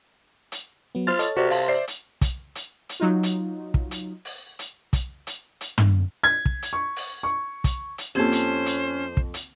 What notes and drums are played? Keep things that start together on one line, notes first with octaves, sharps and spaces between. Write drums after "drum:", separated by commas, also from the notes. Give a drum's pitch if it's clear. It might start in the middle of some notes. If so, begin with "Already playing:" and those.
drum: hi-hat
F#3 B3
F4 C5 F6 A6
A4 C#5 D#5, drum: hi-hat
C3 F#4 D5
F5 A5 C6, drum: open hi-hat
C5 D5 E5 C7
drum: hi-hat
drum: kick, hi-hat
drum: hi-hat
drum: hi-hat
F#3 D#4 F4
drum: hi-hat
drum: kick
drum: hi-hat
drum: open hi-hat
drum: hi-hat
drum: kick, hi-hat
drum: hi-hat
drum: hi-hat
drum: tom
G#6
drum: kick
drum: hi-hat
C#6
drum: open hi-hat
C#6
drum: kick, hi-hat
drum: hi-hat
F2 A#3 C4 C#4 G4 A4 C5
drum: hi-hat
drum: hi-hat
drum: kick
drum: hi-hat